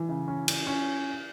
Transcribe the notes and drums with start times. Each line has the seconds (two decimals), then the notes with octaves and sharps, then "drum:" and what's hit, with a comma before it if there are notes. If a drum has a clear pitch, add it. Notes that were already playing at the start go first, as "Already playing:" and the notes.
Already playing: E3
0.09 C#3
0.28 C#4
0.48 C#4, drum: cymbal
0.67 C#4